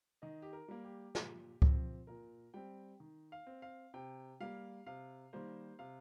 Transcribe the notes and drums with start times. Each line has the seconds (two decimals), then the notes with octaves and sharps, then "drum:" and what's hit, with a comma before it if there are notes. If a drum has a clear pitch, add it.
0.22 D#3 D#5
0.42 G4
0.53 A#4
0.68 G3 A#3
0.84 G4
1.15 A#2, drum: snare
1.62 F3 C4, drum: kick C#2
2.07 A#2 A#4
2.54 G3 C4 G5
3.00 D#3
3.32 F5
3.47 C4
3.62 F5
3.94 C3 G5
4.40 G3 A#3 F5
4.86 C3 F5
5.33 D#3 G3 A#3 C5
5.79 C3 F5